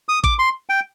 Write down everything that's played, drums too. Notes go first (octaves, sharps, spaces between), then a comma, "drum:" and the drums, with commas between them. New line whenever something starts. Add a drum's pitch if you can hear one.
D#6
D6, drum: kick A1, hi-hat
C6
G5